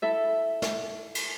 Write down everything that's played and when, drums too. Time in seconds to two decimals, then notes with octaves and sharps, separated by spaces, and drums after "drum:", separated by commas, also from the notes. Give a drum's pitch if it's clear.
0.02 E4 A4 E5
0.62 drum: snare
1.15 drum: cymbal